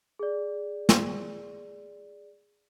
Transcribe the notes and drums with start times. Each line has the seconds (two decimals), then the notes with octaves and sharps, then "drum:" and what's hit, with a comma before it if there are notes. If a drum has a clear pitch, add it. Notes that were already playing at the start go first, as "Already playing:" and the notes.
0.19 G#4 D5
0.89 drum: snare